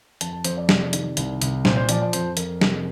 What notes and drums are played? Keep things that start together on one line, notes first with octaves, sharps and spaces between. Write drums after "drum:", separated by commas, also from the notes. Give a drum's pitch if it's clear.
F2 A5, drum: hi-hat
A5
F2 C5, drum: hi-hat
D5
C3, drum: snare
D#3, drum: hi-hat
C2, drum: hi-hat
C2, drum: hi-hat
A#2 C5, drum: snare
C5
F3 D5, drum: hi-hat
D5
F2 C5, drum: hi-hat
F2 A#4, drum: hi-hat
C3, drum: snare